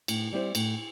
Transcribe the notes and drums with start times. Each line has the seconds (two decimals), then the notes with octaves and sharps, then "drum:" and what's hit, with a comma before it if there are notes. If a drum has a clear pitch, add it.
0.08 A2, drum: cymbal
0.32 G3 C4 E4 C5
0.55 A2, drum: cymbal